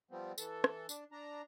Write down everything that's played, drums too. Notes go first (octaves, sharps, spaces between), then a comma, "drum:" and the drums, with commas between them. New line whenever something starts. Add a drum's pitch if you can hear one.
F3 G3 B3 C4
E3 A4, drum: tambourine
drum: rim click
D4, drum: tambourine
D4 A#5